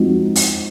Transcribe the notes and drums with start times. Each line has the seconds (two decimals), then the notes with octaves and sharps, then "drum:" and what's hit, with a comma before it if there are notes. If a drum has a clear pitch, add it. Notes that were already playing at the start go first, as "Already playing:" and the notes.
Already playing: F3 G#3 C4 D#4 F#4
0.36 drum: open hi-hat